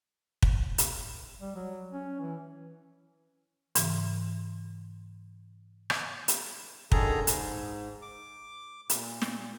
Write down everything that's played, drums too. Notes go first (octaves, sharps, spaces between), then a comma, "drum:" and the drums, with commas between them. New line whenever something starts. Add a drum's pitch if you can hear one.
drum: kick
drum: hi-hat
G3
F#3
C#4
E3
G#2 C#3 E3, drum: hi-hat
drum: rim click
drum: hi-hat
F#2 D3 D#3 G#4 A4 A#5, drum: kick
G#2, drum: hi-hat
D6
A#2, drum: hi-hat
drum: snare